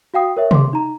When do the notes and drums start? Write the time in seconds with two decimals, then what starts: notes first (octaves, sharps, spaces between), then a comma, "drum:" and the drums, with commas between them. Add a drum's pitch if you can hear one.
0.14 F#4 F5 G5 D#6
0.37 A#4 C#5 E5
0.51 C6 D6, drum: tom C3
0.73 D#4 A#5